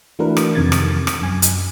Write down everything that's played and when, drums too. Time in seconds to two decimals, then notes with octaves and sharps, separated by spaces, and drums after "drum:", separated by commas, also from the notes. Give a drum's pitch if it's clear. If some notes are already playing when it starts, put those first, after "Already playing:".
0.19 E3 A3 D4 F#4 A#4 B4
0.37 drum: rim click
0.55 F2 C3 D#3 G#6 A6
0.72 drum: rim click
1.07 drum: rim click
1.21 F#2 G#5
1.42 drum: hi-hat